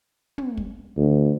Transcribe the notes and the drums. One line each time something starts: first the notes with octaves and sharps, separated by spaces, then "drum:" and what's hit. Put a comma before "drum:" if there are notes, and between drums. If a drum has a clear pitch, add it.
drum: tom
drum: kick
D2